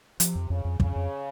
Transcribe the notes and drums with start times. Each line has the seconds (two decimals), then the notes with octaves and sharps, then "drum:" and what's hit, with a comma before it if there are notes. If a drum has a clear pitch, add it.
0.20 C3 F3, drum: hi-hat
0.35 F2
0.50 F2 C#3
0.65 F2
0.80 F2 C#3, drum: kick
0.96 F2